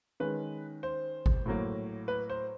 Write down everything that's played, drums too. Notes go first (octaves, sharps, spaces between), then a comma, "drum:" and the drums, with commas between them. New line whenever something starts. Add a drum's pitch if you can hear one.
D#3 G#3 C#4 B4
C5
drum: kick G#1
A2 F#3 A#3
B4
C5